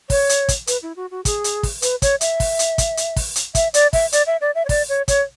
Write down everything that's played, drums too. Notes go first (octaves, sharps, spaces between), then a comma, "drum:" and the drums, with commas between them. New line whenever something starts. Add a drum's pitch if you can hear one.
C#5, drum: kick, open hi-hat
drum: hi-hat
drum: kick, hi-hat
B4, drum: hi-hat
E4
F#4
F#4
G#4, drum: kick, hi-hat
drum: hi-hat
drum: kick, open hi-hat
B4, drum: hi-hat
C#5, drum: kick, hi-hat
E5, drum: hi-hat
drum: kick, open hi-hat
drum: hi-hat
drum: kick, hi-hat
drum: hi-hat
drum: kick, open hi-hat
drum: hi-hat
E5, drum: kick, hi-hat
D5, drum: hi-hat
E5, drum: kick, open hi-hat
D5, drum: hi-hat
E5
D5
E5
C#5
D5, drum: kick, open hi-hat
C#5
C#5, drum: kick, hi-hat